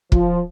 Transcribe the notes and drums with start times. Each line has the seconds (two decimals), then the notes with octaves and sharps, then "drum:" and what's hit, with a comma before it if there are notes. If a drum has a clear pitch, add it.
0.12 F3, drum: kick